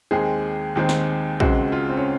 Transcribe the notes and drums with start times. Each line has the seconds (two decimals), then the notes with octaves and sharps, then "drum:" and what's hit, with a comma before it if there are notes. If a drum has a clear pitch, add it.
0.11 D#2 D#3 G#3 C4 G#4
0.76 D#2 D#3 G#3 C4
0.89 drum: snare
1.40 C#2 C#3 G#3 C4 F#4, drum: kick
1.72 F4
1.89 C4
1.97 C#4